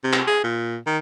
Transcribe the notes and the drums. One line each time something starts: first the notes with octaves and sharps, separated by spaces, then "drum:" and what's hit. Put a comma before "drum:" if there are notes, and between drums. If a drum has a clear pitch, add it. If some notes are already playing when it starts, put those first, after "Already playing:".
C3
drum: clap
G#4
A#2
D#3